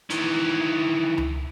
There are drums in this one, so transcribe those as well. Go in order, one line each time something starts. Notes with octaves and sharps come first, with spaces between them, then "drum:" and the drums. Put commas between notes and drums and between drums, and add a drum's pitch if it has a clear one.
D#3 E3, drum: hi-hat
drum: tom C#2